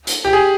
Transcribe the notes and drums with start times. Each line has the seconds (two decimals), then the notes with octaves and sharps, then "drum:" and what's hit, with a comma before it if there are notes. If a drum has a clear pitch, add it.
0.07 drum: hi-hat
0.25 G4
0.33 G#4